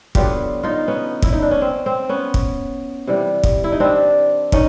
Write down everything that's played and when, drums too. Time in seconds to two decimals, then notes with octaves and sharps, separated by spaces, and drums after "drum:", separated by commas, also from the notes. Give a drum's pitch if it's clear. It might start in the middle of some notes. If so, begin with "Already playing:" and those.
0.15 D3 F#3 B3 F4 G4, drum: kick
0.63 D#4 F4
0.88 B3 C#4
1.22 E4, drum: kick
1.32 D#4
1.42 D4
1.51 C#4
1.62 C4
1.86 C4
2.09 B3 C#4
2.34 drum: kick
3.07 C3 E3 G3
3.43 drum: kick
3.64 E4
3.72 D#4
3.80 C4 D4
4.52 C#4 D#4, drum: kick